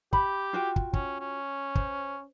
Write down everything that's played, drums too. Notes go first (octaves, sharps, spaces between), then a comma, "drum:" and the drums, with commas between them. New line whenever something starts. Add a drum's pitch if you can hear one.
G4 B5, drum: kick
F4 F#4 G5
drum: kick
C#4, drum: kick
C#4
C5, drum: kick